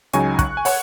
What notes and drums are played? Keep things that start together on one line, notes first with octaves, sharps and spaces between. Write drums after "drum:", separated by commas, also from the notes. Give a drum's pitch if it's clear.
C#2 C#3 F#3 D#4 G#5 C#6, drum: hi-hat
C#6 F#6, drum: kick, hi-hat
G#5
C#5 F#5, drum: open hi-hat